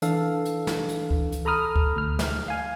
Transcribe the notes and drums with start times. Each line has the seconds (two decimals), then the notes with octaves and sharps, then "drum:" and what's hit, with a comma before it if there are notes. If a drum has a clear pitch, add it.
0.02 E3 D4 A4 F5, drum: hi-hat
0.45 drum: hi-hat
0.67 drum: snare
0.89 drum: hi-hat
1.11 drum: kick D2
1.32 drum: hi-hat
1.45 A4 A#5 B5 D#6 F6
1.76 drum: kick D2
1.96 D2 F6
2.19 drum: snare
2.48 F5 G#5